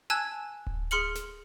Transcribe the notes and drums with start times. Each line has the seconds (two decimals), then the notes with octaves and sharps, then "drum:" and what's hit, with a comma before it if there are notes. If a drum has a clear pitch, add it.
0.10 G#5 A5 E6 F#6 G#6
0.67 drum: kick D1
0.91 G#4 C6 F6 C#7 F#7
1.15 drum: snare